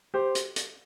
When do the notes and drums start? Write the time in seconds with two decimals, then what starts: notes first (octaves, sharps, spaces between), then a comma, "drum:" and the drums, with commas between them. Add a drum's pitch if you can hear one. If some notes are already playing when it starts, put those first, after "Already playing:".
0.14 G4 C5
0.35 drum: hi-hat
0.56 drum: hi-hat